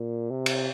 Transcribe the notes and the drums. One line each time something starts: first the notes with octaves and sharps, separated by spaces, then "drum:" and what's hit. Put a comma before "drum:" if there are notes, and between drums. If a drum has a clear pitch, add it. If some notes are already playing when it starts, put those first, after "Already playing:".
Already playing: A#2
C3
drum: cymbal